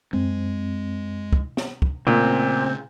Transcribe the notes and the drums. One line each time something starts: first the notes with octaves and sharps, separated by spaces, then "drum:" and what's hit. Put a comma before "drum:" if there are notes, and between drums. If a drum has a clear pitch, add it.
F#2 G#3 C4
drum: kick
drum: snare
drum: kick
A#2 C#3 A3 C4 C#4 E6